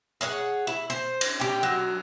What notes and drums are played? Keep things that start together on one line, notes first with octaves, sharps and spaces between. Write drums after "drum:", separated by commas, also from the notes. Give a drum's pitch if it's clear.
G#4 C#5 D5 F#5
E4
C5
drum: cymbal
G4 G5
F#3